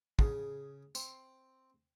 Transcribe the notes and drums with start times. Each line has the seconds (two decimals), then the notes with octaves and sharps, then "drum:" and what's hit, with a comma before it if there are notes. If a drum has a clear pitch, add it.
0.19 C#3 G#4, drum: kick
0.95 C4, drum: tambourine